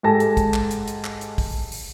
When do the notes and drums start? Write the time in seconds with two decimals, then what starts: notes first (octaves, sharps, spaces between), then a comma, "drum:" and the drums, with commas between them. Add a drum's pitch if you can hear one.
0.03 G#2 G4 A4 G#5 A5 A#6
0.20 drum: hi-hat
0.37 drum: kick, hi-hat
0.54 drum: clap
0.71 drum: hi-hat
0.88 drum: hi-hat
1.04 drum: clap
1.21 drum: hi-hat
1.38 drum: kick, open hi-hat
1.72 drum: open hi-hat